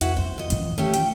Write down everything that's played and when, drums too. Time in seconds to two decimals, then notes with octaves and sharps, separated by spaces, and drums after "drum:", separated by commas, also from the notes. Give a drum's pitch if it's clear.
0.01 F2 E4 F#4 B4, drum: hi-hat
0.17 B3 C4 C5
0.38 F2 D#5
0.50 A#2 E3, drum: hi-hat
0.78 A3 C#4 G4
0.94 F3 G5, drum: hi-hat